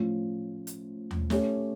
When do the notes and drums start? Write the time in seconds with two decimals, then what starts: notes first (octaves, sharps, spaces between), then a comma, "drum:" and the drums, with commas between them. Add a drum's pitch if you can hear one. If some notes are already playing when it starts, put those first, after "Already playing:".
Already playing: A2 F3 C#4 F4
0.67 drum: hi-hat
1.11 drum: tom D#2
1.30 A3 C#4 G4 C#5, drum: snare